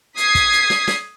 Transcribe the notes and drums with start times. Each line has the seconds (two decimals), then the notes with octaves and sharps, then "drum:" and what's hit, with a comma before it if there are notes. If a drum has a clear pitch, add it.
0.17 D#6 G#6 B6 C7, drum: hi-hat
0.35 drum: kick, hi-hat
0.52 drum: hi-hat
0.70 drum: snare
0.88 drum: snare